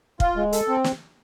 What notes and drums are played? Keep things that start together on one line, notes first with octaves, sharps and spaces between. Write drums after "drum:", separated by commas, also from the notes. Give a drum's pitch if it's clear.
F4, drum: kick
G#3
A4, drum: hi-hat
C4
drum: snare